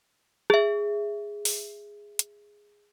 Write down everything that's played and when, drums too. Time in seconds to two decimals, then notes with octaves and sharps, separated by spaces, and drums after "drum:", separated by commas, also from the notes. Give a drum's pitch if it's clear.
0.50 G#4 E5, drum: rim click
1.45 drum: open hi-hat
2.19 drum: hi-hat